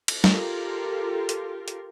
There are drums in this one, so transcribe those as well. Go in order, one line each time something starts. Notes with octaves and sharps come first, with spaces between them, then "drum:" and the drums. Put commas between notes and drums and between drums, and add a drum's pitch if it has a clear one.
drum: cymbal
F4 G4 A4 A#4, drum: snare
drum: hi-hat
drum: hi-hat